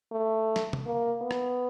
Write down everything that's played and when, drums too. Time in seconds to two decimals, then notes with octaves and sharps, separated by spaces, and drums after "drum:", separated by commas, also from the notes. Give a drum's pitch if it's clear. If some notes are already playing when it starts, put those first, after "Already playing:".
0.12 A3
0.56 drum: snare
0.73 drum: tom
0.86 A#3
1.22 B3
1.31 drum: rim click